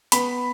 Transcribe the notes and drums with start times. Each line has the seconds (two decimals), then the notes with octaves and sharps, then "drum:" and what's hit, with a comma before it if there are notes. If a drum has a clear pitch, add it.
0.12 B3 B5, drum: hi-hat